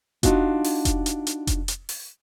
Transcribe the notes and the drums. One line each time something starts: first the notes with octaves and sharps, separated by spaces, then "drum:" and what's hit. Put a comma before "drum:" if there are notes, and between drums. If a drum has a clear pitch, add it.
D4 D#4 F4 F#4, drum: kick F1, hi-hat
drum: open hi-hat
drum: kick F1, hi-hat
drum: hi-hat
drum: hi-hat
drum: kick F1, hi-hat
drum: hi-hat
drum: open hi-hat